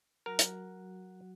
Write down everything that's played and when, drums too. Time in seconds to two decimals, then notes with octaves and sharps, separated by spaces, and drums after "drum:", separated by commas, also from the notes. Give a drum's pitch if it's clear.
0.26 F#3 F#4 A#4
0.39 drum: hi-hat